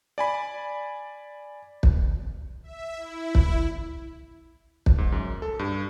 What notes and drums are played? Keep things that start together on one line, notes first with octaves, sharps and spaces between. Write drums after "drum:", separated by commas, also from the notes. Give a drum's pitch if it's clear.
D5 G#5 B5
drum: kick
E5
E4
drum: kick
drum: kick
G#2
F#2
A4
G2